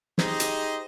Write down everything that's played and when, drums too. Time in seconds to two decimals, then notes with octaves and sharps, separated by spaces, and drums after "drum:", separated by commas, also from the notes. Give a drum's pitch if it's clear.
0.18 D#4 G4 G#4 C5 D#5, drum: snare
0.40 drum: hi-hat